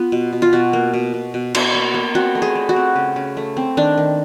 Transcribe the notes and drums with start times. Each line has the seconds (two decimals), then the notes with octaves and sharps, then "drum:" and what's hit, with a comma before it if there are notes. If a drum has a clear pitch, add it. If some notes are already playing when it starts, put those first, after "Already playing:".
Already playing: B3 F4
0.12 B2
0.33 B2
0.42 F4
0.53 B2 F#4
0.73 A#3
0.94 B2
1.14 B2
1.34 B2
1.55 B2, drum: cymbal
1.75 A#3
1.94 A#3
2.15 C4 F#4
2.35 A3
2.42 G#4
2.55 A3
2.69 F#4
2.76 C4
2.96 C#3
3.16 C#3
3.37 A3
3.57 C4
3.77 D#3 D4
3.98 D#3